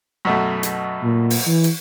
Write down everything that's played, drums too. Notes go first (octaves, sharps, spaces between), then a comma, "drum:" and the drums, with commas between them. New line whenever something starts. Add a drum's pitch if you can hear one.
F#2 B2 A3
drum: hi-hat
A#2
drum: open hi-hat
E3
drum: hi-hat